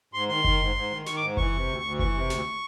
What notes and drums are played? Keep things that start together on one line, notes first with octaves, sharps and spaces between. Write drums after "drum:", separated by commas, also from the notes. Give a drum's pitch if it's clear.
G#2 C6
D#3 C6
D#3, drum: kick F#1
G#2
G#2
D#3
D#3 C#6, drum: snare
D6
G#2
E3 C#6, drum: kick F#1
C3
D2
D2
E3 C#6, drum: kick F#1
C3
D2, drum: snare